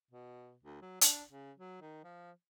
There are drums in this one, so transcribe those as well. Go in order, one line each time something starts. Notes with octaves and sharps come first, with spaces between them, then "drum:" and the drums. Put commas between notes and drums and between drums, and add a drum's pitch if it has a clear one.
B2
D2
F#3
D4, drum: hi-hat
C#3
F#3
D#3
F3